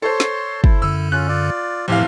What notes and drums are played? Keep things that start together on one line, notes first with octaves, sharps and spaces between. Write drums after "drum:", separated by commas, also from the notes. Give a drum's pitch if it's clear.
A4 C5 C#5 C6
drum: snare
E4, drum: kick
F#2 D3 E6
C#4 F4 F#6
F4 D5
F1 A2 E3 F3 G4 F5